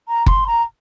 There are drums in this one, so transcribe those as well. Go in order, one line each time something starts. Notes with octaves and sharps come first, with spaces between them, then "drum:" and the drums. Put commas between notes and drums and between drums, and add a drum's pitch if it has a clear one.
A#5
C6, drum: kick
A#5